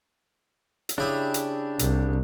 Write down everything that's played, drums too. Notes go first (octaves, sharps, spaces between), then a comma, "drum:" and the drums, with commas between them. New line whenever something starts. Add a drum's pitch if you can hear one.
drum: hi-hat
C#3 D4 E4 G4 D#6
drum: hi-hat
C2, drum: hi-hat